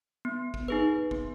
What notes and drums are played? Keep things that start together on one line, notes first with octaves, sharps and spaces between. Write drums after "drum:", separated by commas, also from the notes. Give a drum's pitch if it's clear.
B3
drum: kick
D#4 G#4 B4
B3, drum: kick